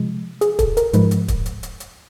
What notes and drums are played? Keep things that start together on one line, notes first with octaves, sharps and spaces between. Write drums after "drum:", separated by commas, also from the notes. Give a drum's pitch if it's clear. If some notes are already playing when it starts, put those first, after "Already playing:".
Already playing: C3 F3 G#3
G#4, drum: hi-hat
A4, drum: kick, hi-hat
A#4, drum: hi-hat
G#2 F3 G#3 B4, drum: hi-hat
drum: hi-hat
drum: kick, hi-hat
drum: hi-hat
drum: hi-hat
drum: hi-hat